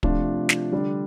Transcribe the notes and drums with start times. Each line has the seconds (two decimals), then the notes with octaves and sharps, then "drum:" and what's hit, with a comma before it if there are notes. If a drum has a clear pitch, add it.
0.03 C3 F3 A3 D4 F4, drum: kick
0.49 drum: snare
0.72 D3 G3 D4